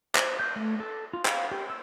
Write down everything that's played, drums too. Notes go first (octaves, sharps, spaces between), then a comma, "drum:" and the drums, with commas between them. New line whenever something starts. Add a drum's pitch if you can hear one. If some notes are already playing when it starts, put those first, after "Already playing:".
C5, drum: clap
G6
A3
A4
F4
F5, drum: clap
G4
E6